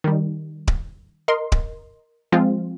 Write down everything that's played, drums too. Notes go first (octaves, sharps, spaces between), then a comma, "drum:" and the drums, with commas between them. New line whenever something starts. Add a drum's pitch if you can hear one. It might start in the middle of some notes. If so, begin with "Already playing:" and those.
D#3 G3
drum: kick D1
A#4 D#5 C6
drum: kick D1
F3 G#3 C4 F4